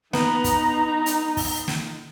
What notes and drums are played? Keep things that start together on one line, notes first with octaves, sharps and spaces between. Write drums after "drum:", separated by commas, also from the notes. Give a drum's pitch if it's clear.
B3 D#4 A#5, drum: snare
drum: kick, hi-hat
drum: hi-hat
drum: kick, open hi-hat
drum: snare